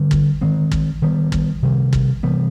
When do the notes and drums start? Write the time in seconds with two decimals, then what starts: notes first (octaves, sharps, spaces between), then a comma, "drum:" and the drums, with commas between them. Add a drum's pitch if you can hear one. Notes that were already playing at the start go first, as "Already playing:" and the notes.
Already playing: D3 G3 C4
0.11 drum: kick
0.41 D#3 G#3 C4
0.71 drum: kick
1.02 D#3 G3 B3
1.32 drum: kick
1.62 C3 D#3 G3
1.93 drum: kick
2.23 C3 E3 G3 B3